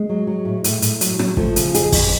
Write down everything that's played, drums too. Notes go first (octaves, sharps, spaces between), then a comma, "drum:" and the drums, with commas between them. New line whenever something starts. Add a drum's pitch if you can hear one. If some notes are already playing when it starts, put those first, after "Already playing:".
Already playing: G#3
F#3
F#3
A2
A2, drum: hi-hat
A2, drum: hi-hat
F#3, drum: hi-hat
F#3, drum: rim click
F3 A3, drum: kick
C#3, drum: hi-hat
F2 G#4, drum: hi-hat
F2, drum: kick, open hi-hat